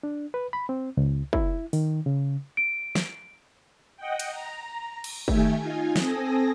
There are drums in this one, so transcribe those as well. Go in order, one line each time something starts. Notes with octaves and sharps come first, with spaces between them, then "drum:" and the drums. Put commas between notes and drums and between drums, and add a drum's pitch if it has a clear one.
D4
B4
B5
C4
C#2
E4, drum: kick
D#3, drum: open hi-hat
C#3
D7
drum: snare
D#5 F#5 G5
drum: cymbal
A#5
drum: cymbal
D#3 A3 G4 E5 G#5, drum: kick
D#4 F4 G#5
C4 A4 G#5 D#6 A#6, drum: snare